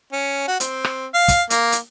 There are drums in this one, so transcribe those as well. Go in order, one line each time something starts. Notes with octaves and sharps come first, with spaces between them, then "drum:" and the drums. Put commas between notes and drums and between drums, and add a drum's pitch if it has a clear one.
C#4
F#4
C4, drum: hi-hat
drum: rim click
F5
drum: kick, hi-hat
A#3, drum: hi-hat
drum: hi-hat